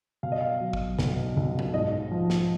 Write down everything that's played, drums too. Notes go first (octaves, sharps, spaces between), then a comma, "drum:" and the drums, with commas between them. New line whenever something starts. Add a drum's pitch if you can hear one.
B2 F5
D#5
F5
F#3
drum: kick
B1, drum: snare
B1
drum: tom B2
G#2 D#5
F3
drum: snare